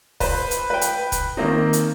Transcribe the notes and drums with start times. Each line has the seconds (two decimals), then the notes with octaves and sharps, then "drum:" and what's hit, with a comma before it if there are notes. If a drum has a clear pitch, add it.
0.20 B4 C5, drum: kick, open hi-hat
0.51 drum: hi-hat
0.70 B4 G5
0.81 drum: hi-hat
1.12 drum: kick, hi-hat
1.37 D#3 A#3 C4 D#4
1.73 drum: hi-hat